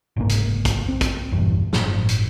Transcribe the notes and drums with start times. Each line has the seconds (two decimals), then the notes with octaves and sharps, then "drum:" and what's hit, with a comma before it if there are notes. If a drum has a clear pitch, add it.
0.16 F#1 C2 G#2 A#3
0.29 drum: hi-hat
0.65 drum: kick, hi-hat
0.89 C4
1.01 drum: kick, hi-hat
1.32 F1 A#1 E2 G2
1.73 G1 A2 F3 D4, drum: snare
2.09 drum: hi-hat